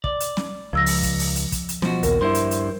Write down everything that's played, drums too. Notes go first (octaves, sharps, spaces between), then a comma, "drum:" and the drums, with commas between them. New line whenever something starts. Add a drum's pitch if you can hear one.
D5, drum: kick
drum: hi-hat
drum: snare
C#2 F3 E6 A#6
drum: open hi-hat
drum: kick, hi-hat
drum: open hi-hat
drum: hi-hat
drum: kick, hi-hat
drum: hi-hat
B2 F3 F#4, drum: snare
A#1 D#2 A#4, drum: hi-hat
G2 E4 C5 C6
drum: hi-hat
drum: hi-hat